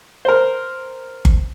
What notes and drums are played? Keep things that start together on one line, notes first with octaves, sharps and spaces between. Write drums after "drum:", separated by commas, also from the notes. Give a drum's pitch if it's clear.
A#4 C5
drum: kick G1